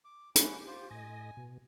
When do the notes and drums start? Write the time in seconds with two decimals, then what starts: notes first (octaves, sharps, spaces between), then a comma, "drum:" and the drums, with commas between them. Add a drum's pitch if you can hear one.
0.05 D6
0.35 C#4 E4 G4 F#5, drum: hi-hat
0.67 F4 C5
0.90 A2 D#5 G#5
1.37 B2